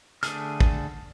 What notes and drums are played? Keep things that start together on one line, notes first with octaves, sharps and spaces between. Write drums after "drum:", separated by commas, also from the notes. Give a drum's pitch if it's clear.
D3 A3 G#4 A4 F6, drum: hi-hat
drum: kick